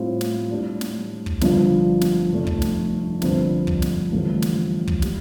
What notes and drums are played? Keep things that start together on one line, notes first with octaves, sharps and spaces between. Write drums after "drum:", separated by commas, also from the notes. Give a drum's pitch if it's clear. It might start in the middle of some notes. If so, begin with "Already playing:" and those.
Already playing: A2 G3 C4 F4
drum: snare
A2 G3 D4
drum: snare
drum: kick
G1 G2 F3 D4 F4, drum: snare
drum: snare
F1 F2 F3 A3 D4
drum: kick
drum: snare
G1 G2 F3 C4, drum: snare
drum: kick
drum: snare
A1 G2 D3 F3 A3
drum: snare
drum: kick
G3, drum: snare